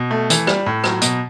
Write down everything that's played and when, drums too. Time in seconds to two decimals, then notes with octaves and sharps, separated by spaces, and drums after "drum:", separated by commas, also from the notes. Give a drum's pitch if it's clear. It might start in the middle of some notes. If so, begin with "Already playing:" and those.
Already playing: B2
0.11 A3
0.30 E3, drum: hi-hat
0.47 G3, drum: rim click
0.66 A2
0.84 F#3, drum: rim click
1.01 B2, drum: hi-hat